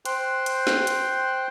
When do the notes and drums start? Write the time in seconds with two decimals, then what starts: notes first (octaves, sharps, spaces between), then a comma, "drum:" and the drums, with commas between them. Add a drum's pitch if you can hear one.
0.05 C5 G5 C6 F#6, drum: hi-hat
0.46 drum: hi-hat
0.67 drum: snare
0.87 drum: hi-hat